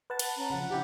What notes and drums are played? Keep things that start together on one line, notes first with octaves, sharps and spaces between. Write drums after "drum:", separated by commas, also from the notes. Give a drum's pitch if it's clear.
B4 F#5 A5
drum: cymbal
C#4 A#5
C#3 F3 F#5
D4 E4 G4